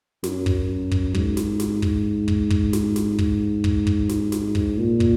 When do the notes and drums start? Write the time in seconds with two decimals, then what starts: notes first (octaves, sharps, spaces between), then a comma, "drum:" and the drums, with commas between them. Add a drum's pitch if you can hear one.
0.24 F#2, drum: snare
0.46 drum: kick
0.91 drum: kick
1.15 G#2, drum: kick
1.37 drum: snare
1.60 drum: snare
1.82 drum: kick
2.28 drum: kick
2.50 drum: kick
2.73 drum: snare
2.96 drum: snare
3.19 drum: kick
3.64 drum: kick
3.87 drum: kick
4.09 drum: snare
4.32 drum: snare
4.55 drum: kick
4.78 A#2
5.00 drum: kick